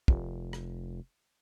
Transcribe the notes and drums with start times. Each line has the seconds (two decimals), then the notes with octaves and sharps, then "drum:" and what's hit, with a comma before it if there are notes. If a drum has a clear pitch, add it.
0.08 F1, drum: kick
0.53 drum: rim click